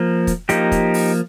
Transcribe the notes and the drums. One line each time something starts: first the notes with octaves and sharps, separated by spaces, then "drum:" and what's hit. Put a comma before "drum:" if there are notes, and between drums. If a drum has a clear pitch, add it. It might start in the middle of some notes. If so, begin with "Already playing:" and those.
Already playing: F3 A#3
drum: kick, hi-hat
F3 A#3 D#4 G4, drum: hi-hat
drum: kick, hi-hat
drum: open hi-hat